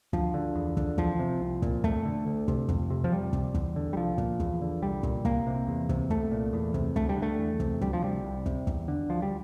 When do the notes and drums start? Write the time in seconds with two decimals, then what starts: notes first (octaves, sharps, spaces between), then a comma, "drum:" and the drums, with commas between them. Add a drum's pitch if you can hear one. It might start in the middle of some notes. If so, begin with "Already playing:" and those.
0.13 D2 F3, drum: kick
0.34 D3
0.56 E2
0.77 D3, drum: kick
0.98 E2 F3, drum: kick
1.19 C3
1.41 C2
1.62 A#2, drum: kick
1.84 F2 A3, drum: kick
2.05 D3
2.27 D2
2.48 C3, drum: kick
2.69 F2, drum: kick
2.90 C3
3.04 F3
3.12 F2 G3
3.33 C3, drum: kick
3.54 E2, drum: kick
3.76 D3
3.93 G3
3.97 C2 F3
4.18 A#2, drum: kick
4.40 E2, drum: kick
4.62 D3
4.82 C2 G3
5.03 A#2, drum: kick
5.25 C2 A#3, drum: kick
5.47 C3
5.68 E2
5.89 C3, drum: kick
6.10 C2 A3, drum: kick
6.31 A#2
6.53 E2
6.74 C3, drum: kick
6.96 D2 A3, drum: kick
7.09 G3
7.17 D3
7.22 A3
7.38 E2
7.60 C3, drum: kick
7.81 D2 G3, drum: kick
7.93 F3
8.02 C3 G3
8.23 C2
8.46 C3, drum: kick
8.67 E2, drum: kick
8.88 D3
9.09 D2 F3
9.22 G3